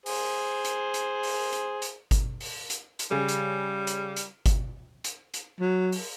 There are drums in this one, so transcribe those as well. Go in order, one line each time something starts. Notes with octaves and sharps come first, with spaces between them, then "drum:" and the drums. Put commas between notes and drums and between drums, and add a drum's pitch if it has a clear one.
G#4 C5, drum: open hi-hat
drum: hi-hat
drum: hi-hat
drum: open hi-hat
drum: hi-hat
drum: hi-hat
drum: kick G1, hi-hat
drum: open hi-hat
drum: hi-hat
drum: hi-hat
C#3 G3 G#4
drum: hi-hat
drum: hi-hat
drum: hi-hat
drum: kick G1, hi-hat
drum: hi-hat
drum: hi-hat
F#3
drum: open hi-hat